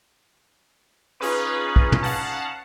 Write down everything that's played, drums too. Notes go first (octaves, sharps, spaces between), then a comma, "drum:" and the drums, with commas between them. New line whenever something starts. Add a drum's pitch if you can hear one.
C#4 D#4 F4 G#4 B4
drum: kick
drum: tom
F5 F#5 A5